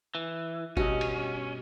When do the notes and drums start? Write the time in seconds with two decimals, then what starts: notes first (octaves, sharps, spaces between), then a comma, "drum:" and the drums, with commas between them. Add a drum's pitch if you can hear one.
0.15 E3
0.77 G2 B2 C#4 F#4 D#5, drum: kick F#1
1.01 drum: cymbal